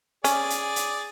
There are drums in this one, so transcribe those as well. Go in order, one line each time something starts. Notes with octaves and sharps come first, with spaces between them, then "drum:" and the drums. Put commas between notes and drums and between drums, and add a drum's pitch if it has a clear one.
C#4 G#4 D5, drum: hi-hat
drum: hi-hat
drum: hi-hat